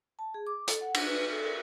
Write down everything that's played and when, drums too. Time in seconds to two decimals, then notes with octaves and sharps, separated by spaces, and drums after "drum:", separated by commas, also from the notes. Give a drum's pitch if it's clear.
0.19 A5
0.34 G#4
0.47 D6
0.68 A4, drum: hi-hat
0.81 F#5
0.94 D4, drum: cymbal
1.06 B4
1.31 A4
1.45 A#4